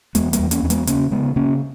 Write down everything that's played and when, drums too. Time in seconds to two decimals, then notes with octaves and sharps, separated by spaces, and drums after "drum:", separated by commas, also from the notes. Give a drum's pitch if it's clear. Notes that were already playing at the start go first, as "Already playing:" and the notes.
0.15 E2 G#3 B3, drum: hi-hat
0.33 G3 A#3, drum: hi-hat
0.40 E2
0.51 A#3 C#4, drum: hi-hat
0.63 E2 C#4
0.70 G#3 B3, drum: hi-hat
0.87 C#3 A#3 C#4, drum: hi-hat
1.12 C#3 G#3 B3
1.36 C#3 A#3 C#4